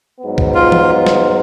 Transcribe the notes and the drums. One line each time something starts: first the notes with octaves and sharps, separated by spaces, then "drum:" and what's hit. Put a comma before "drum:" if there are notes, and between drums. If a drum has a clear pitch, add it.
G#2 F#3 B3
drum: kick
F4
drum: tom E3
drum: snare